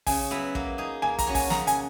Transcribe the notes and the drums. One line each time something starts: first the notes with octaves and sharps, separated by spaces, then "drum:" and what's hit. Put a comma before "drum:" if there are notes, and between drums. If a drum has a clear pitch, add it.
C#3 G#5, drum: kick, open hi-hat
F#3 B3 E4 B4
A#3, drum: kick
D#4 G#4
A#3 G#5
A#5, drum: kick, hi-hat
C#4 F#4 C#5
G#5, drum: kick, open hi-hat
C#3 A#5, drum: snare
G#5, drum: hi-hat